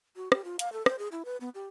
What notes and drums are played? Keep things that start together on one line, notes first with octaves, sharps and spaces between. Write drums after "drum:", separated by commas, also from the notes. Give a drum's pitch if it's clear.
F#4
G4, drum: rim click
F4
F5, drum: hi-hat
A4
C5, drum: rim click
G#4
E4
B4
B3
G4